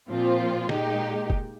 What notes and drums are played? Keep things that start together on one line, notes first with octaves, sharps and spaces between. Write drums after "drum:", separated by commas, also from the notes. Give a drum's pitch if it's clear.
A#2 F3 C4 F4
A#2 G#3 D#4 G4, drum: snare
drum: kick